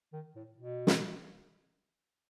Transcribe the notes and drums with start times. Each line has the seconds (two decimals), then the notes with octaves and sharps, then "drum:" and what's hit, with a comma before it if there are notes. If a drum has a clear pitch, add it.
0.13 D#3
0.36 A2
0.59 B2
0.87 drum: snare